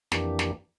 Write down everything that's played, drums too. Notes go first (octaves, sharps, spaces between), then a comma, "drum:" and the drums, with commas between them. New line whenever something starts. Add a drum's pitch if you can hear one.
F2 E3 A#3 D4 G4, drum: snare
drum: snare